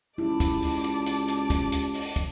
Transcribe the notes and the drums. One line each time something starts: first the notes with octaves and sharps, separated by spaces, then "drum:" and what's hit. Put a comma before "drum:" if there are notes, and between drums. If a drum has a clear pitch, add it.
C#2 E4 G4 D5 A5
drum: kick, hi-hat
drum: open hi-hat
drum: hi-hat
drum: hi-hat
drum: hi-hat
drum: kick, hi-hat
drum: hi-hat
drum: open hi-hat
drum: kick, hi-hat